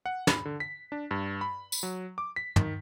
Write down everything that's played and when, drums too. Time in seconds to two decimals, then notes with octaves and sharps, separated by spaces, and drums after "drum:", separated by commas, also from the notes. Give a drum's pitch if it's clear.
0.06 F#5
0.27 B5, drum: snare
0.45 D3
0.60 B6
0.92 D4
1.11 G2
1.41 B5
1.72 drum: tambourine
1.83 F#3
2.18 D6
2.36 B6
2.56 D#3, drum: tom